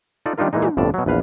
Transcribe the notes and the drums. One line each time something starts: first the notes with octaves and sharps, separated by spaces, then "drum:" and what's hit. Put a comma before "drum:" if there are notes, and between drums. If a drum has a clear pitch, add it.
D#4 F4 A4 D5
D#3 G3 D4 D#4 F4 A#4
A#2 E3 G#3 D#4
drum: tom
G1 F2 A2 D5 A5
B2 F#3
A#1 E2 B4 F5